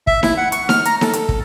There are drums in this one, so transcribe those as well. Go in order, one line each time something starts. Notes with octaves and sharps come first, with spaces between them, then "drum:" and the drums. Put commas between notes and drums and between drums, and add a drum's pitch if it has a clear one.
E5, drum: kick
E4, drum: snare D#4
F#5
C#6, drum: hi-hat
F6, drum: snare D#4
A#5, drum: hi-hat
A4, drum: snare D#4
drum: hi-hat
drum: kick